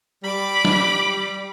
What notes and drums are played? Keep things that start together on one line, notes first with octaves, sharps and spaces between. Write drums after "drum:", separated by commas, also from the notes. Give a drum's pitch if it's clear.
G3 B5 D6
drum: snare